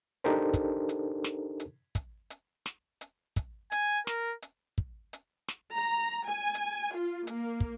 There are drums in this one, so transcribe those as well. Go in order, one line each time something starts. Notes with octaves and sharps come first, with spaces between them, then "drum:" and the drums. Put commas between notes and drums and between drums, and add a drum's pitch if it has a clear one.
D4 D#4 G4 A4 A#4 C5
drum: kick, hi-hat
drum: hi-hat
drum: snare
drum: hi-hat
drum: kick, hi-hat
drum: hi-hat
drum: snare
drum: hi-hat
drum: kick, hi-hat
G#5, drum: hi-hat
A#4, drum: snare
drum: hi-hat
drum: kick
drum: hi-hat
drum: snare
A#5
G#5
drum: hi-hat
F4
A#3, drum: hi-hat
drum: kick